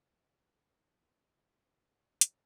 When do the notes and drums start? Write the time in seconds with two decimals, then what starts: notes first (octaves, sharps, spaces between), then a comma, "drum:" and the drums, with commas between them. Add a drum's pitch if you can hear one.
0.10 E5
0.20 D#5
0.30 C#5
0.40 B4
0.49 E2 A4
0.68 D#3
0.84 E2 A4
1.01 D#3 B4
1.13 C#5
1.19 C#2 B4
1.36 C#3 E3 B4
1.53 C#2 A4
1.70 C#3 E3 B4
1.87 D#2 C#5
1.96 D#5
2.03 D#3 C#5
2.21 D#5, drum: hi-hat